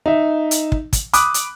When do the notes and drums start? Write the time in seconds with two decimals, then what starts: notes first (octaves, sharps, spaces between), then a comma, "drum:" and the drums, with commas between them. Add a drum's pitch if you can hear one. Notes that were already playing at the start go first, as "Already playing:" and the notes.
0.06 D#4 E5
0.51 drum: hi-hat
0.72 drum: kick
0.93 drum: kick, hi-hat
1.13 B5 D6 D#6 F#6, drum: hi-hat
1.34 drum: hi-hat